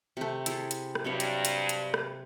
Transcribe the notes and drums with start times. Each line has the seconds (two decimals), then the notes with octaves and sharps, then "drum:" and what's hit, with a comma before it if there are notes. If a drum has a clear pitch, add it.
0.17 C3 A3
0.46 E4 G#4 A4, drum: hi-hat
0.71 drum: hi-hat
0.95 drum: rim click
1.04 G2 C3 F#3 C#5
1.20 drum: hi-hat
1.45 drum: hi-hat
1.69 drum: hi-hat
1.94 drum: rim click